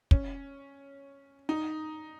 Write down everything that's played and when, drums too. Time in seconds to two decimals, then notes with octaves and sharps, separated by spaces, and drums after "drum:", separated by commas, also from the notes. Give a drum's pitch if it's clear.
0.11 C#4, drum: kick
1.49 D#4